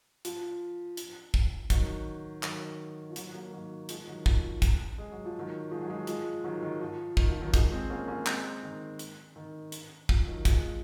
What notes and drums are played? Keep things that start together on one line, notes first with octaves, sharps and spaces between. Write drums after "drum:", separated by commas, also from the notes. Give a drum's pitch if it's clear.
F3, drum: hi-hat
drum: hi-hat
drum: kick
D#3 F#3, drum: kick, hi-hat
D#3 F#3, drum: clap
F3
D#3 F#3, drum: hi-hat
F#3 A#3
D#3 F#3
F3 G#3, drum: hi-hat
D#3 F#3
F3, drum: kick
drum: kick, hi-hat
G#3
F#3
F3
D#3 F#3
F3 G#3
F#3
F3 G#3
F3 G#3, drum: hi-hat
D#3 F#3
D#3
F3
D#3, drum: kick
F3
D#3 F#3
F3 G#3, drum: kick, hi-hat
G#3 C4
A#3 C#4
A#3 C#4
G#3 C4, drum: clap
D#3
drum: hi-hat
D#3
drum: hi-hat
F3, drum: kick
D#3 F#3
F3 G#3, drum: kick, hi-hat